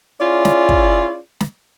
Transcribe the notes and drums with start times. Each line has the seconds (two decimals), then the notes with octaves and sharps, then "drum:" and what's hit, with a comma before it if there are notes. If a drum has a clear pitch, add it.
0.21 C#4 E4 F4 G#4 C#5 D5
0.45 drum: snare
0.69 drum: kick
1.40 drum: snare